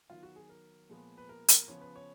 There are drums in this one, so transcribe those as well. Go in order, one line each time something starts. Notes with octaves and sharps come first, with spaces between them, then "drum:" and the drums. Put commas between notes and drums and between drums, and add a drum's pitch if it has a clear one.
D#3 F#3 B3 F4
F#4
G#4
A#4
A#2 F3 G#3 B3
B4
A#4
A#4, drum: hi-hat
C#3 F3 B3 C#5
B4
C#5